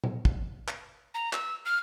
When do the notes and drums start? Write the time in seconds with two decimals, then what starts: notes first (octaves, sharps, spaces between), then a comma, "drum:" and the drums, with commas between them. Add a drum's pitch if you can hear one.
0.04 drum: tom A#2
0.25 drum: kick
0.68 drum: clap
1.14 A#5
1.33 E6, drum: clap
1.65 F6